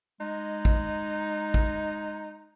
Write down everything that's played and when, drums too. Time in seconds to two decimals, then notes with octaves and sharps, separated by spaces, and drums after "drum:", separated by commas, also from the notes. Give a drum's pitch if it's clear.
0.20 G#3 D#4
0.65 drum: kick
1.54 drum: kick